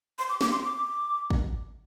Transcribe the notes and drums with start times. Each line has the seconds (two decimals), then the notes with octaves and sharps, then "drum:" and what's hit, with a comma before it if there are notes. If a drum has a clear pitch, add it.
0.19 C6
0.29 D6
0.41 D6, drum: snare
0.52 C6
0.63 D6
1.30 drum: kick